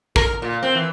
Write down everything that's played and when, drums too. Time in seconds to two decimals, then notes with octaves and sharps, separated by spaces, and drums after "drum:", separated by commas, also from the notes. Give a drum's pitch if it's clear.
0.16 A#4, drum: kick
0.42 A#2
0.63 C4
0.75 E3